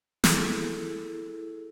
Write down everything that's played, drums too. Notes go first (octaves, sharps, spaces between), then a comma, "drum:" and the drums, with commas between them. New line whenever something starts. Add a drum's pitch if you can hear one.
E4 G#4 A4, drum: snare